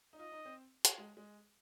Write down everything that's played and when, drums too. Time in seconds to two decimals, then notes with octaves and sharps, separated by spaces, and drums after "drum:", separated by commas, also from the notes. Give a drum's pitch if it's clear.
0.13 D#4
0.19 F4 D#5
0.32 D#4
0.45 C4
0.85 drum: hi-hat
0.98 G#3
1.17 G#3